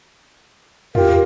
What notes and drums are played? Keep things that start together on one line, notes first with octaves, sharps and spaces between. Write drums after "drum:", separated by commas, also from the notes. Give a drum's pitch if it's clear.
F4 G4 A#4, drum: tom E2